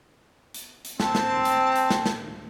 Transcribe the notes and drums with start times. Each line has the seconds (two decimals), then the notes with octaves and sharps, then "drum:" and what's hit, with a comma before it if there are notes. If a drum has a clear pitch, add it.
0.54 drum: hi-hat
0.84 drum: hi-hat
1.00 C4 A5, drum: snare
1.15 drum: snare
1.45 drum: hi-hat
1.75 drum: hi-hat
1.90 drum: snare
2.06 drum: snare